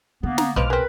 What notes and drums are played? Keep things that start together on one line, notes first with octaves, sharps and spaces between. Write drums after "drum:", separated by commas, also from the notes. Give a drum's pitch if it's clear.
D3 A#3 B3
A#5, drum: snare
B1 F3 G#3 B4 D#5 D6 F6
C4 G#4 A#4 B4